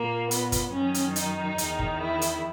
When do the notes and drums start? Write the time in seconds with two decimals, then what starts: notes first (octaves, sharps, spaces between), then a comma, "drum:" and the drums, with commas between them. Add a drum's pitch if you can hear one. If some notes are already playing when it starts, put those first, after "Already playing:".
Already playing: A#2 A#3
0.31 B3, drum: hi-hat
0.52 drum: kick, hi-hat
0.73 F#2 D#3 C#4
0.94 drum: hi-hat
1.16 D#4, drum: hi-hat
1.58 E2 D#3, drum: hi-hat
1.79 drum: kick
2.01 E4
2.22 drum: hi-hat